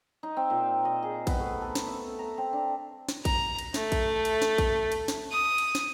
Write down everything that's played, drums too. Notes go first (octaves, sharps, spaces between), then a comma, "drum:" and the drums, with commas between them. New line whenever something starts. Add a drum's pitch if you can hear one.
D#4
C4
A#2
D#5
G#4
B3, drum: kick A#1, cymbal
A3
A4
drum: snare
E5
A#5
C4
D4
drum: snare
A#5, drum: kick A#1, cymbal
drum: cymbal
A3, drum: snare
drum: kick A#1, cymbal
drum: cymbal
drum: snare
drum: kick A#1, cymbal
drum: cymbal
drum: snare
D#6
drum: cymbal
drum: snare